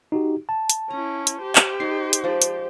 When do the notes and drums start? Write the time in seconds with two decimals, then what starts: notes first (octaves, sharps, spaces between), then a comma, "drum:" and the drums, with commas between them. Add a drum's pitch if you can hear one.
0.12 D#4 F#4 G4
0.49 A5
0.70 drum: hi-hat
0.90 C#4 E4 A#5
1.27 drum: hi-hat
1.42 G4 C5
1.56 drum: clap
1.80 D#4 G#4 D5 C7
2.13 drum: hi-hat
2.24 F3 G#3 D5
2.42 drum: hi-hat